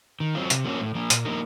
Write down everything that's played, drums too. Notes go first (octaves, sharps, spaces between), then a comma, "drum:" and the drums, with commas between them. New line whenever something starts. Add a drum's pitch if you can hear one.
D#3
F#3 C4 F4
C3, drum: hi-hat
F3 A#3 C#4 F#4
A2
F3 A#3
A#2, drum: hi-hat
F3 A#3 D#4 A#4